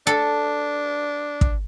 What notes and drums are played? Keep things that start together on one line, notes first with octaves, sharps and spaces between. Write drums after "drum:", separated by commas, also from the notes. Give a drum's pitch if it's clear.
D4 A4
drum: kick